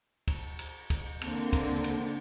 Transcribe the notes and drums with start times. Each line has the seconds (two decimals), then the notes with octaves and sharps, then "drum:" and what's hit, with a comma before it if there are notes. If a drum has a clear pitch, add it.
0.28 drum: kick, cymbal
0.59 drum: cymbal
0.90 drum: kick, cymbal
1.21 D3 A#3 C4, drum: cymbal
1.53 drum: kick, cymbal
1.84 drum: cymbal